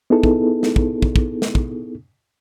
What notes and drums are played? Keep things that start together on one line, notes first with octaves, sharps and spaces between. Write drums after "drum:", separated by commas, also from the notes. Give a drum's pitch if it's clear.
B3 D#4 E4 G#4 A4
drum: kick
drum: snare
drum: kick
drum: kick
drum: kick
drum: snare
drum: kick